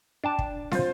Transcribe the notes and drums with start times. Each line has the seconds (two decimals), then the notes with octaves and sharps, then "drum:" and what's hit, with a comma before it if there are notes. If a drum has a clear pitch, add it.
0.24 D4 G5 A5
0.39 drum: kick
0.71 F4 C5, drum: snare